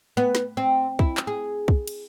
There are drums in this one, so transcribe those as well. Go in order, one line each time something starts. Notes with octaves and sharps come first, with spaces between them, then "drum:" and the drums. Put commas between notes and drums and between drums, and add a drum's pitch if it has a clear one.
B3
drum: snare
C4
E4, drum: kick
drum: clap
G#4
drum: kick
drum: cymbal